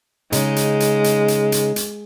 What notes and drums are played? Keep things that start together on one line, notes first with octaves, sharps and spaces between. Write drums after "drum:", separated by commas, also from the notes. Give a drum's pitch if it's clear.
C#3 G#3 D#4, drum: hi-hat
drum: hi-hat
drum: hi-hat
drum: hi-hat
drum: hi-hat
drum: hi-hat
drum: hi-hat